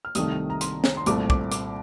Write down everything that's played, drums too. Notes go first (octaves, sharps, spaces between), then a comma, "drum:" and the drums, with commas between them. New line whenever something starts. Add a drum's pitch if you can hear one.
F6
C2 C3 D#3 A3 D#6, drum: hi-hat
A#5
C6, drum: hi-hat
drum: snare
C6
C2 A#2 A3 C4 D6, drum: hi-hat
D6, drum: kick
D6, drum: hi-hat